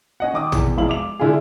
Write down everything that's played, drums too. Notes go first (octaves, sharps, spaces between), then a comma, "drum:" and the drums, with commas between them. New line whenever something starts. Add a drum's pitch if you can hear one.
C#4 D#5 F#5
D#3 D6 D#6
E2, drum: tom A#1
E1 F2 E4 F5 F#7
D6 F7
D3 E4 F4 G#4